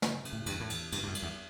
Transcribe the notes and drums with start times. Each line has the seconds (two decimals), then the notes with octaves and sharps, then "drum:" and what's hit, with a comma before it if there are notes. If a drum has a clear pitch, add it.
0.02 C#3, drum: snare
0.25 C#3, drum: cymbal
0.33 A2
0.46 E2 G2, drum: cymbal
0.60 A2
0.70 E2, drum: cymbal
0.92 G2 C#3, drum: cymbal
1.03 G2
1.08 F#2
1.15 G3, drum: cymbal
1.22 E2